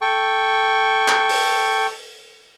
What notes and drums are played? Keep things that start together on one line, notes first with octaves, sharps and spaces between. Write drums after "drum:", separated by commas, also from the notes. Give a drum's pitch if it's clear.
A4 G5 C#6
drum: clap
drum: open hi-hat